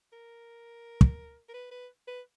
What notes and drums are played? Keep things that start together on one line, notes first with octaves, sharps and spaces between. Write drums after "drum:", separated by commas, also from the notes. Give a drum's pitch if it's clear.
A#4
drum: kick
A#4
B4
B4
B4